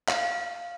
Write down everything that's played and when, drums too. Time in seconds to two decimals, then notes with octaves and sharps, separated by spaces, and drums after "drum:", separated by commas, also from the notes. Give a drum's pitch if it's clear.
0.08 F5, drum: clap